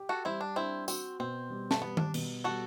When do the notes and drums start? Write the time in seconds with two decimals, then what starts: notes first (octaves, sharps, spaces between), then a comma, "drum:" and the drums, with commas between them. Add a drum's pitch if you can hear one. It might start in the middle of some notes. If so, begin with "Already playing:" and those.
Already playing: G4
0.09 F#4 A4
0.25 G3 C4 E4
0.41 D4
0.56 C4 D4 E4
0.88 C4 F#4, drum: tambourine
1.20 B2 C4
1.50 G3
1.71 A3, drum: snare
1.81 G3 B3
1.97 D4, drum: tom D#3
2.14 B2, drum: cymbal
2.44 G3 F#4 A4